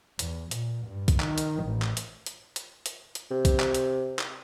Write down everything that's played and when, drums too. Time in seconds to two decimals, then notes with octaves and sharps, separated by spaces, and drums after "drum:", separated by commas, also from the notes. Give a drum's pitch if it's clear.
0.19 E2, drum: hi-hat
0.51 A#2, drum: hi-hat
0.86 G2
1.08 drum: kick B1, hi-hat
1.20 D#3, drum: clap
1.38 drum: hi-hat
1.64 A1
1.82 drum: clap
1.97 drum: hi-hat
2.26 drum: hi-hat
2.56 drum: hi-hat
2.86 drum: hi-hat
3.15 drum: hi-hat
3.31 C3
3.45 drum: kick B1, hi-hat
3.60 drum: clap
3.75 drum: hi-hat
4.19 drum: clap